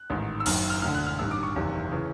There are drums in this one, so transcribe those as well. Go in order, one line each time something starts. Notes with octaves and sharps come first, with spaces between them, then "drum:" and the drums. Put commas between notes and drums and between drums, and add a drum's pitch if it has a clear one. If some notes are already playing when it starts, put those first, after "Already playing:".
Already playing: F#6
A1 G#2 D#3
E6
F#1 F#2 D#3 F6, drum: open hi-hat
F6
E1 D2 D3 F6
F#6
F6
A1 G2 D#3 E6
D6
C#6
F#1 E2 C3 D#3
C#3 E3